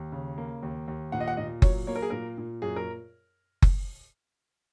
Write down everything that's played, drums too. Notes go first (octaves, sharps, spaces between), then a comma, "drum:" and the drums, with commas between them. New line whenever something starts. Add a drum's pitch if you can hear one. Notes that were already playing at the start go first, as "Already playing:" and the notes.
Already playing: D#2
C#3
A#3
D#2
D#2
A#2 F#5
D#5
F#5
A#2 D#5
F#3 C#5, drum: kick F#1
A#3 C#5
A#4
G#4
A#2 A#4
A#2
F#2 G#4
A#4
drum: kick F#1